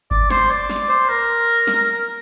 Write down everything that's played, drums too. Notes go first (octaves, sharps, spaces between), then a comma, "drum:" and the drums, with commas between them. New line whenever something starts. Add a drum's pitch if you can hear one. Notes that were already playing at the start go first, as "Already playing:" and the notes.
D5, drum: kick G1
C5, drum: snare
D5
drum: snare
C5
A#4
drum: snare